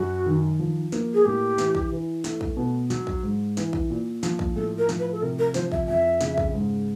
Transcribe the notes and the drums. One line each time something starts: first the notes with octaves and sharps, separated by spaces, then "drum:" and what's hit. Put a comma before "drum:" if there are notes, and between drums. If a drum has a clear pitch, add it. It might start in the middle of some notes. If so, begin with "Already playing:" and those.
Already playing: F#2 F#4
D#3
F3
A#3, drum: snare
G#4
A2 G4
E3, drum: snare
drum: kick A#1
E3
A3, drum: snare
drum: kick A#1
B2
F#3, drum: snare
drum: kick A#1
G#2
E3, drum: snare
drum: kick A#1
A#2
F3, drum: snare
drum: kick A#1
A2 A4
A#4
F3, drum: snare
B4
A4
C3 A#4
A#4
F3 C5, drum: snare
E5, drum: kick A#1
F2 E5
C#3, drum: snare
drum: kick A#1
G#2